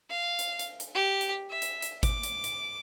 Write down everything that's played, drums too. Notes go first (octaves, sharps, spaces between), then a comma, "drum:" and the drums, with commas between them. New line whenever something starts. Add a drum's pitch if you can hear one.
F5
drum: hi-hat
drum: hi-hat
drum: hi-hat
G4
drum: hi-hat
E5
drum: hi-hat
drum: hi-hat
D6, drum: kick G#1, hi-hat
drum: hi-hat
drum: hi-hat